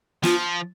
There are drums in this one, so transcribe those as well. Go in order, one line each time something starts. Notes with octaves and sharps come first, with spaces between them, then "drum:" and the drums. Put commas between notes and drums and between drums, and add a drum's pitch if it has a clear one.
F3 F4, drum: snare